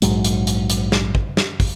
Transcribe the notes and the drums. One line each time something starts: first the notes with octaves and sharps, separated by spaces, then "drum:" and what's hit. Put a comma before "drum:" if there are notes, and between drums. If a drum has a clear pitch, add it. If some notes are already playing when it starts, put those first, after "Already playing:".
A#1 G#2 F#3 G#3, drum: hi-hat
drum: hi-hat
drum: hi-hat
drum: hi-hat
drum: snare
drum: kick
drum: snare
drum: kick, open hi-hat